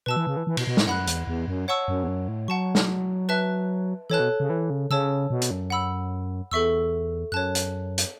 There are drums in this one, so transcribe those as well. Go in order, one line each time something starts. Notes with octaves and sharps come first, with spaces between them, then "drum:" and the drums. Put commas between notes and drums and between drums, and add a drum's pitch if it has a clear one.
B2 B4 A5 E6
E3
C#3
E3
E3
B2, drum: cymbal
B2
A2, drum: snare
F#2 F#5 B5 F#6
E2, drum: hi-hat
E2
F#2
C#5 F#5 A5 C#6 E6
F#2
E2
F#2
A2
F#3 F#5 A5 C#6
drum: snare
B4 E5 A5 F#6
E3 A4 C#5 A5 F#6
B2
C#3
E3
C#3
C#3 C#5 A5 E6
B2
drum: hi-hat
F#2
F#5 B5 E6
E2 A4 E5 C#6 E6
F#2 C#5 A5 F#6
drum: hi-hat
drum: hi-hat